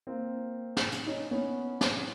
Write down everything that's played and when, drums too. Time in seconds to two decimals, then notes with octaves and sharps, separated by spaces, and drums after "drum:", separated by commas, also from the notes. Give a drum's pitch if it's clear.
0.07 A#3 C4
0.77 drum: snare
0.92 drum: hi-hat
1.06 C#4 D#4
1.31 B3 C#4
1.81 drum: snare